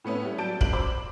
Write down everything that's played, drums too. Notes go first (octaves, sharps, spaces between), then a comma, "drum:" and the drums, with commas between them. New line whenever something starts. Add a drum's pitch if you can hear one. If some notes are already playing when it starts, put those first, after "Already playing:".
A2 A3 B3 C#4 E4
G3
F#3 D5 A5 G6 D7
C#2 D7 F#7, drum: kick
C5 B5 D6 F#7